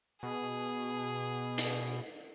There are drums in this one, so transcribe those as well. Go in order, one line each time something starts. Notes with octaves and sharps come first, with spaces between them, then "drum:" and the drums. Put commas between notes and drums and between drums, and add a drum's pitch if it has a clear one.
B2 G#4
drum: hi-hat